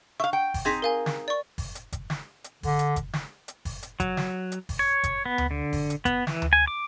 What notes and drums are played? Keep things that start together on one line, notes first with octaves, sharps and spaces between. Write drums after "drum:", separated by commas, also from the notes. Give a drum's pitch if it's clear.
E5 F5 C#6
F#5 G5
drum: kick F#1, open hi-hat
C4 D#4 G#4 G#6 A#6 B6
A#4 F5 G#5
drum: snare
D5 C#6
drum: kick F#1, open hi-hat
drum: hi-hat
drum: kick F#1, hi-hat
drum: snare
drum: hi-hat
D3, drum: kick F#1, open hi-hat
drum: hi-hat
drum: kick F#1, hi-hat
drum: snare
drum: hi-hat
drum: kick F#1, open hi-hat
drum: hi-hat
F#3, drum: kick F#1, hi-hat
drum: snare
drum: hi-hat
drum: kick F#1, open hi-hat
C#5
drum: kick F#1, hi-hat
B3
drum: tom D2
D3
drum: kick F#1, open hi-hat
drum: hi-hat
B3, drum: kick F#1, hi-hat
E3, drum: snare
drum: tom D2
G#5
D6